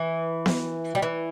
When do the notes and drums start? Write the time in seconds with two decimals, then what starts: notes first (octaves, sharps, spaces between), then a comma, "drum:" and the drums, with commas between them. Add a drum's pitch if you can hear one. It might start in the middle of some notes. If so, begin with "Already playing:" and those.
Already playing: E3
0.46 drum: snare B3
0.95 G3
1.02 E3